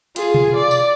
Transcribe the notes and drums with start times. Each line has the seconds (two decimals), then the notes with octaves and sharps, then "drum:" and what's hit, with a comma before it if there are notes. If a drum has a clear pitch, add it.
0.16 F4 G#4, drum: hi-hat
0.34 drum: tom B2
0.56 D5
0.71 drum: tambourine